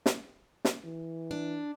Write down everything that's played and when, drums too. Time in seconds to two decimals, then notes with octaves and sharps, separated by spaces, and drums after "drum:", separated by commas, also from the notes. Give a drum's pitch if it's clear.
0.06 drum: snare
0.65 drum: snare
0.84 E3
1.31 D4